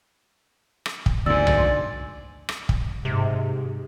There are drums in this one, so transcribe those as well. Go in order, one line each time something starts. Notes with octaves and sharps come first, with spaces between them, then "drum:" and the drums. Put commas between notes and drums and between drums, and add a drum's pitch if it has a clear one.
drum: rim click
drum: kick
D2 G#2 D5 G#5 C6 E6
drum: tom B1
drum: rim click
drum: kick
G#2 C3 G#3